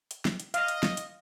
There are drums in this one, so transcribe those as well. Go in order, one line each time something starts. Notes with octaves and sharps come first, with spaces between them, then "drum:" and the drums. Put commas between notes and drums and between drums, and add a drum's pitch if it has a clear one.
drum: hi-hat
drum: snare
drum: hi-hat
D#5 F5, drum: hi-hat
drum: hi-hat
drum: snare
drum: hi-hat